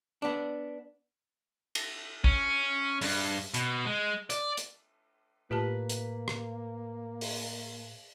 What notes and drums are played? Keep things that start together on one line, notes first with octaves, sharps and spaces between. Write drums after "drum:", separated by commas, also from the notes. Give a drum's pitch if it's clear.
B3 D4
drum: cymbal
C#4, drum: kick
G2, drum: open hi-hat
B2, drum: hi-hat
G#3
D5, drum: hi-hat
drum: hi-hat
A2 A#3 F4 G4 B4 A5
drum: hi-hat
drum: rim click
drum: open hi-hat